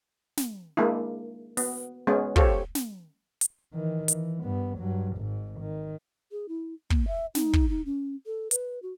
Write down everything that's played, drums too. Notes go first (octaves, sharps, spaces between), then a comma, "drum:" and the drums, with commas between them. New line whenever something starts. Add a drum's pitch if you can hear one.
drum: snare
G#3 A#3 D4 E4
B3, drum: open hi-hat
G#3 B3 C#4
F4 G4 A4 C5 C#5, drum: kick
drum: snare
drum: hi-hat
D#3 E3
E3, drum: hi-hat
G2 B3
G2 F#3
G#1 G#2
D#3
G#4
E4
A#3, drum: kick
E5
D#4, drum: snare
drum: kick
D#4
C#4
A4
B4, drum: hi-hat
F#4